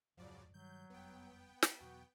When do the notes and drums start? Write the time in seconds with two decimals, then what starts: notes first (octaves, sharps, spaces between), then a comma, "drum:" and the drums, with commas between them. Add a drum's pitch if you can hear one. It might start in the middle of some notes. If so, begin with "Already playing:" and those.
0.17 D1 F2 G#2 C#3 F3 F#3 D5
0.54 G2 D#3 F#3 G3 G6
0.90 F#1 F2 G3 B3 G5
1.62 drum: snare
1.81 E2 B2 F#3 F#4